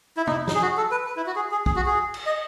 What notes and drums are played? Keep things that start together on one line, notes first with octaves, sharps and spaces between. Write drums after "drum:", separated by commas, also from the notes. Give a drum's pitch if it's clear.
E4
D#4, drum: tom
E4
D#4, drum: snare
G#4
F#4
A4
B4
B4
E4
F#4
G#4
G#4
G#4, drum: kick
F#4
G#4
drum: cymbal
D#5